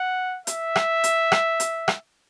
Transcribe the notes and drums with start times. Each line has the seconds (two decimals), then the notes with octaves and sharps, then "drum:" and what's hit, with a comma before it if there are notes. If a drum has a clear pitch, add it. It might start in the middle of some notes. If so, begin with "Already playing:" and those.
Already playing: F#5
0.47 E5, drum: hi-hat
0.76 drum: rim click
1.04 drum: hi-hat
1.32 drum: rim click
1.60 drum: hi-hat
1.88 drum: rim click